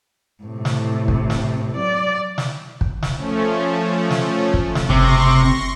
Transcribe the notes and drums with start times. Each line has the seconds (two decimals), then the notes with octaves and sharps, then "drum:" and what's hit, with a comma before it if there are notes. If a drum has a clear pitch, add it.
0.43 A2 C3
0.65 drum: snare
1.08 drum: kick
1.30 drum: snare
1.77 F#3 D5
2.38 drum: snare
2.81 drum: kick
3.02 drum: snare
3.18 F3 A3 C#4
4.10 drum: snare
4.54 drum: kick
4.75 drum: snare
4.90 F#1 C3 C6 C#6 A#6